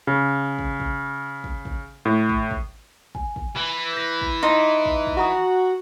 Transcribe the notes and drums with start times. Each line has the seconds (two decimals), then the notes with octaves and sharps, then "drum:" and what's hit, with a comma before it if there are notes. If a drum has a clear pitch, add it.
0.07 C#3
0.59 drum: kick
0.80 drum: kick
1.44 drum: kick
1.65 drum: kick
2.05 A2
2.29 drum: kick
2.51 drum: kick
3.15 G#5, drum: kick
3.36 drum: kick
3.56 E3
3.93 G6 A#6
4.21 drum: kick
4.43 D#4 C6
4.86 drum: kick
5.07 drum: kick
5.17 F#4 F#5 A#5 D#6